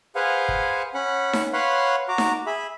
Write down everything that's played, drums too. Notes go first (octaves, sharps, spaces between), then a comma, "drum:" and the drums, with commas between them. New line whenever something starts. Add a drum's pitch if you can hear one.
G#4 B4 C5 F5 F#5 G#5
drum: kick
C#4 F#5 B5
drum: snare D#4
B4 C#5 F5 F#5 B5 C6
F#4 A#5 D6
drum: snare D#4
G#4 E5 B5